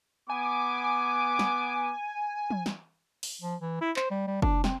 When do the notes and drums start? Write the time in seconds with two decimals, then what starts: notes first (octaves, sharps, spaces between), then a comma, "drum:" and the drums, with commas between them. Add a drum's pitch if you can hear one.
0.30 B3 G#5 D6
1.39 drum: snare
2.50 drum: tom
2.66 drum: snare
3.23 drum: open hi-hat
3.42 F3
3.61 E3
3.81 E4
3.96 C5, drum: clap
4.11 G3
4.27 G3
4.42 D4, drum: kick
4.64 C4, drum: snare